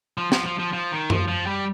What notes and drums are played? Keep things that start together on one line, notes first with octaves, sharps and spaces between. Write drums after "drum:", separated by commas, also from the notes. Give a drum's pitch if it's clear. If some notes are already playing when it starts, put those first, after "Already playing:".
F3
F3, drum: snare
F3
F3
F3
D#3
F3, drum: tom F#2
F3
G3